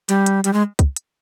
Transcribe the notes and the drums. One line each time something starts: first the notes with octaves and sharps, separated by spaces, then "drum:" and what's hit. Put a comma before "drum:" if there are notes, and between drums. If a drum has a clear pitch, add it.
G3, drum: hi-hat
drum: hi-hat
G3, drum: hi-hat
G#3
drum: kick, hi-hat
drum: hi-hat